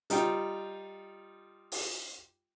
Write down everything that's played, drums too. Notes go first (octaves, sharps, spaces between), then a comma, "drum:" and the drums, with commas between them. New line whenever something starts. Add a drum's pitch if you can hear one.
G3 D#4 F4 G5, drum: hi-hat
drum: open hi-hat